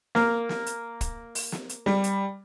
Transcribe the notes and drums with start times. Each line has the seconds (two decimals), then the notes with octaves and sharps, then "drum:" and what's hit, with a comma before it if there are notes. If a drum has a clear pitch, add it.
0.15 A#3, drum: snare
0.49 drum: snare
0.66 drum: hi-hat
1.01 drum: kick, hi-hat
1.35 drum: open hi-hat
1.52 drum: snare
1.69 drum: hi-hat
1.86 G3, drum: snare
2.04 drum: hi-hat